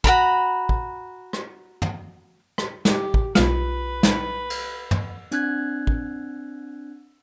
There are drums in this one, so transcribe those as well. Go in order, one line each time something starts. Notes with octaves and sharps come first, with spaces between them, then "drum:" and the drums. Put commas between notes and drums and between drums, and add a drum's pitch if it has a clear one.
F#4 A#4 A#5 B5, drum: kick
drum: kick
drum: rim click
drum: tom
drum: rim click
G4, drum: snare
drum: kick
B1 F4 B4, drum: snare
drum: snare
drum: cymbal
drum: tom
C4 D4 F#6 G#6, drum: hi-hat
drum: kick